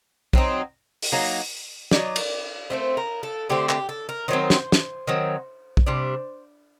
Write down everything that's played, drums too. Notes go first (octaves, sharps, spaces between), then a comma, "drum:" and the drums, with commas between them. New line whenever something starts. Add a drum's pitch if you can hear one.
F#3 C4 D#4, drum: kick
drum: open hi-hat
F#3 A#3 D#4
F#3 A#3 D#4 D5, drum: snare
drum: cymbal
D3 A3 C4 C5
A#4
A4
D3 A3 C4 G4
G4, drum: clap
A4
A#4
D#3 F#3 C4 C5
drum: snare
drum: snare
D#3 F#3 C4
drum: kick
C3 G3 D4